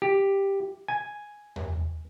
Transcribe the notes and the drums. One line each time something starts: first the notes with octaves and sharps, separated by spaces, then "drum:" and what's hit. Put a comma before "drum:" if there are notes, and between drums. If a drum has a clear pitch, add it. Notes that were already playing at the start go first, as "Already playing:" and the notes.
G4
G#5
drum: tom E2